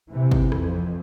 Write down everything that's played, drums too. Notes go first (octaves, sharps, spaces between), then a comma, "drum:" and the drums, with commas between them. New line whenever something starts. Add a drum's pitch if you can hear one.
C3 E3
drum: kick
F2, drum: rim click